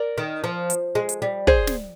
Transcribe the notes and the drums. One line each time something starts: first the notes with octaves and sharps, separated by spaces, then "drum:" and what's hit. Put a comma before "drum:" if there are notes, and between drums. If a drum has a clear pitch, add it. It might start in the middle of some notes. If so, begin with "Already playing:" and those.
Already playing: A#4 D5
D#3
F3
drum: hi-hat
G#3
drum: hi-hat
G3
G#4 C5, drum: kick
drum: snare